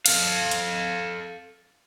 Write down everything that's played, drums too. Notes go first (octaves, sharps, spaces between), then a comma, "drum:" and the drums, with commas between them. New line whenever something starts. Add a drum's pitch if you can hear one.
A4 F5, drum: cymbal
drum: hi-hat